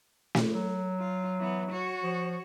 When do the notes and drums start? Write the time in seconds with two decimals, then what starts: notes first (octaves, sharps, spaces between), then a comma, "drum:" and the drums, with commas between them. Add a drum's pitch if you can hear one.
0.35 drum: snare
0.54 F#3
1.00 F4
1.40 E3 B3
1.72 F#4 C#5
2.04 F3